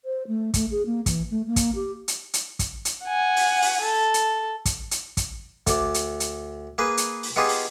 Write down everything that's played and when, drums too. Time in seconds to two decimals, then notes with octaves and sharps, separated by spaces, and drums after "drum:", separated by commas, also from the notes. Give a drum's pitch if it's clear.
0.05 C5
0.27 A3
0.54 A3, drum: kick, hi-hat
0.71 G#4
0.86 A#3
1.06 E3, drum: kick, hi-hat
1.30 A3
1.47 A#3
1.56 drum: kick, hi-hat
1.75 G4
2.08 drum: hi-hat
2.34 drum: hi-hat
2.59 drum: kick, hi-hat
2.85 drum: hi-hat
3.04 F#5 G#5
3.37 drum: open hi-hat
3.62 drum: open hi-hat
3.82 A4
4.14 drum: hi-hat
4.65 drum: kick, hi-hat
4.91 drum: hi-hat
5.17 drum: kick, hi-hat
5.67 D2 D5, drum: kick, hi-hat
5.94 drum: hi-hat
6.20 drum: hi-hat
6.78 A#3 G#4 B4
6.97 drum: hi-hat
7.23 drum: open hi-hat
7.36 B3 D#4 F4 G4 G#4
7.49 drum: open hi-hat